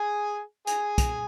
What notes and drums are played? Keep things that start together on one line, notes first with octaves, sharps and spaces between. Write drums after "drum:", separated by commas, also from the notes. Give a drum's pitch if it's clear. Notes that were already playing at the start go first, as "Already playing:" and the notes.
Already playing: G#4 G#5
G#4 G#5, drum: hi-hat
drum: kick, hi-hat